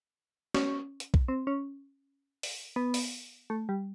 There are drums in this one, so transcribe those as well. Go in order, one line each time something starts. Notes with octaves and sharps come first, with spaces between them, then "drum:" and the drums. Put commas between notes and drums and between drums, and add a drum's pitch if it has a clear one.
C#4, drum: snare
drum: hi-hat
drum: kick B1
C4
C#4
drum: open hi-hat
B3
drum: open hi-hat
A3
G3